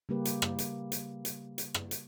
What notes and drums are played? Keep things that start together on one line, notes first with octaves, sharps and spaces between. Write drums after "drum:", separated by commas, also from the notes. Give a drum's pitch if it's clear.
C#3 G3 A#3 G4 B4
drum: hi-hat
drum: rim click
drum: hi-hat
drum: hi-hat
drum: hi-hat
drum: hi-hat
drum: rim click
drum: hi-hat